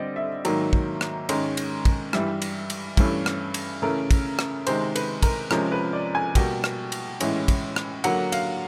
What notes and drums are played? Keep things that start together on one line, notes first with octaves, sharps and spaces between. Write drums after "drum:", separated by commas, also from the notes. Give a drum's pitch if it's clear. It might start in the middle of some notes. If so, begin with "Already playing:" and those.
Already playing: D3 G3 C4 D5 D#5
E5
G#2 D#3 F#3 A#3, drum: cymbal
drum: kick
drum: rim click
G#2 D#3 G#3 C#4, drum: cymbal
drum: cymbal
drum: kick, cymbal
G2 E3 G3 E5, drum: rim click
drum: cymbal
drum: cymbal
G2 E3 A3 C#4, drum: kick, cymbal
drum: rim click
drum: cymbal
C#3 E3 A3 A#4
drum: kick, cymbal
drum: rim click
C3 D#3 G#3 C5, drum: cymbal
B4, drum: cymbal
A#4, drum: kick, cymbal
C3 F3 G#3 C#4 A#4, drum: rim click
B4
D5
G#5
B2 G3 A#3 G5, drum: kick, cymbal
drum: rim click
drum: cymbal
A2 E3 G#3 C#4, drum: cymbal
drum: kick, cymbal
drum: rim click
D3 F#3 A#3 F#5, drum: cymbal
F5, drum: cymbal